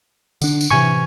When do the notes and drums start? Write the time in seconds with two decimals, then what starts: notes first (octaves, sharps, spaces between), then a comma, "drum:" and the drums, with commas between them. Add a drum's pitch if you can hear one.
0.42 D3 D4, drum: tambourine
0.61 drum: tambourine
0.71 A2 C3 E3 G#5 C#6